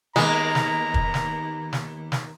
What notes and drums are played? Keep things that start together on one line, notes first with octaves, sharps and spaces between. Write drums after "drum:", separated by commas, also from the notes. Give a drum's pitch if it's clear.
D#2 G#3 A#3 B3 A#5, drum: snare
drum: snare
drum: kick
drum: snare
drum: snare
drum: snare